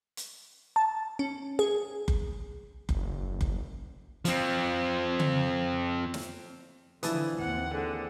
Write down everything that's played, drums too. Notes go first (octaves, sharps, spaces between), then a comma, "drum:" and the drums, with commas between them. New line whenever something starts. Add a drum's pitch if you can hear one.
drum: hi-hat
A5
C#4
G#4
drum: kick F#1
F#1, drum: kick F#1
drum: kick F#1
F3 C4, drum: hi-hat
drum: tom C#3
drum: snare
D3 E3 F3 E4 A5 D#6, drum: hi-hat
D#2 C4 F#5
D3 G#4 F#5